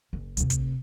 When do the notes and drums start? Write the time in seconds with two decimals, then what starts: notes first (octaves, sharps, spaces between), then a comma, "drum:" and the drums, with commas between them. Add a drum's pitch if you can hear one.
0.13 F#1
0.37 D2 C3, drum: hi-hat
0.50 drum: kick, hi-hat